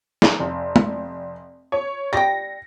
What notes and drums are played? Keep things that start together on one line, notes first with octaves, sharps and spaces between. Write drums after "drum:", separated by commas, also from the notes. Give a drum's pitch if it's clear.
drum: snare
F1
drum: tom G#3
C#5
G3 G5 A#6